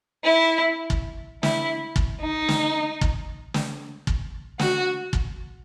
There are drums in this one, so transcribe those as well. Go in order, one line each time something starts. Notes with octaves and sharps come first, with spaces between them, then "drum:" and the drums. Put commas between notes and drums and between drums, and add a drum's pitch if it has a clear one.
E4
drum: kick
E4, drum: snare
drum: kick
D#4
drum: snare
drum: kick
drum: snare
drum: kick
F#4, drum: snare
drum: kick